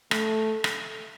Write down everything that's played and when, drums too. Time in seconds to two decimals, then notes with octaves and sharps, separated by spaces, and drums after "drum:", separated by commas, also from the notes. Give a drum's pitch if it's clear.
0.11 A3, drum: rim click
0.64 drum: rim click